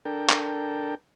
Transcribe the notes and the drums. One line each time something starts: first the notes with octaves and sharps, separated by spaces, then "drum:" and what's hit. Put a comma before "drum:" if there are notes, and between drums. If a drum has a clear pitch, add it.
D4 A4 A#4 G5
drum: clap